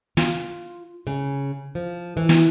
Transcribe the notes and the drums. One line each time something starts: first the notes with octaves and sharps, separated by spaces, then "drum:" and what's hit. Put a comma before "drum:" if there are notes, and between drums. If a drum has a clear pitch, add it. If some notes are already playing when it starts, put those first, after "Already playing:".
F4, drum: snare
C#3
F3
E3
drum: snare